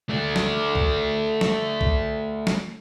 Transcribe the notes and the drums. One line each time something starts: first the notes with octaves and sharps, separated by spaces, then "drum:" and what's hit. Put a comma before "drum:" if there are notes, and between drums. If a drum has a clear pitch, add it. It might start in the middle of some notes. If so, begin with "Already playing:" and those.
A3 D5
drum: snare
drum: kick B1
drum: snare
drum: kick B1
drum: snare